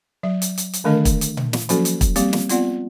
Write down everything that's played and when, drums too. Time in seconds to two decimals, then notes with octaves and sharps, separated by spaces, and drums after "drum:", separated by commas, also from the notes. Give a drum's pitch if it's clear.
0.23 F#3 E5
0.42 drum: hi-hat
0.58 drum: hi-hat
0.73 drum: hi-hat
0.84 D3 D#3 A3 D4 A#4 D#5
1.05 drum: kick, hi-hat
1.21 drum: hi-hat
1.37 drum: tom A#2
1.53 drum: snare
1.69 F3 F#3 A#3 C#4 F#4 A4, drum: hi-hat
1.85 drum: hi-hat
2.01 drum: kick, hi-hat
2.16 G3 A#3 C4 G4 F5, drum: hi-hat
2.33 drum: snare
2.49 B3 C4 F4 D5 F#5, drum: hi-hat